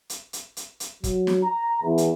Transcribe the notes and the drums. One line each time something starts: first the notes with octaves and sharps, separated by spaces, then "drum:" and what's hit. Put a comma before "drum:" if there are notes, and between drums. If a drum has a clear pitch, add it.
drum: hi-hat
drum: hi-hat
drum: hi-hat
drum: hi-hat
F#3, drum: kick, hi-hat
drum: snare
A#5
E2
drum: hi-hat